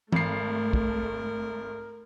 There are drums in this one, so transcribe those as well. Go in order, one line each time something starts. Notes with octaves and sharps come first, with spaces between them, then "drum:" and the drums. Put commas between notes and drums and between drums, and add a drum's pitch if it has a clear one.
G#1 A3 A#4 C7, drum: tom
drum: kick